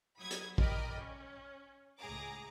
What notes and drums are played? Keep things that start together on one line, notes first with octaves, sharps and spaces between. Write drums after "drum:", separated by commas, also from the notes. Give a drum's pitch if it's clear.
F#3 B5 D#6 G#6
drum: hi-hat
A#4 D5 D#5 G5 B5, drum: kick
C#4
C#2 A2 G#4 A#5 D6